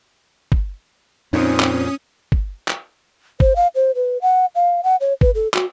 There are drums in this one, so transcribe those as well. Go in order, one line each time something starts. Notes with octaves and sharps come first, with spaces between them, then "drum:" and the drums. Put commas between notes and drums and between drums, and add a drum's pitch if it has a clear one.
drum: kick
F2 A#2 C4 C#4 D#4 D#6
drum: clap
drum: kick
drum: clap
C5, drum: kick
F5
C5
B4
F#5
F5
F#5
C#5
B4, drum: kick
A4
F#4, drum: clap